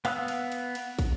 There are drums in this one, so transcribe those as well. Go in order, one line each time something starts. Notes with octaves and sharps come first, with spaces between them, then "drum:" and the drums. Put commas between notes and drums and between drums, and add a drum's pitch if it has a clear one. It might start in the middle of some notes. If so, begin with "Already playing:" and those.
B3 F5 D#6 E6 F#6, drum: cymbal
drum: cymbal
drum: cymbal
drum: cymbal
drum: kick, cymbal